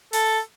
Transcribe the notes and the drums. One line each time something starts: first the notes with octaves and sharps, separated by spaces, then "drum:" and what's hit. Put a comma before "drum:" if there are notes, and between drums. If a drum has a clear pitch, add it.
A4, drum: open hi-hat